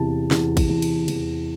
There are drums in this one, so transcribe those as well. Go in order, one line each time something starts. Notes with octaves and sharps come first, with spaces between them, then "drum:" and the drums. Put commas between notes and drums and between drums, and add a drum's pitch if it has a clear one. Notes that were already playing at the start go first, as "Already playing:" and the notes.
Already playing: E2 C3 A5
E2, drum: snare
drum: kick A1, cymbal
E2
drum: cymbal
E2, drum: cymbal